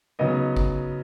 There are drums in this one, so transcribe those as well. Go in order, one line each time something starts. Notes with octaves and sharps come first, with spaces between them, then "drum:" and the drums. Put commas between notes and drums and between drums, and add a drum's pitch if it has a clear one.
C#3 F#3 B3 D#4 D#5
drum: kick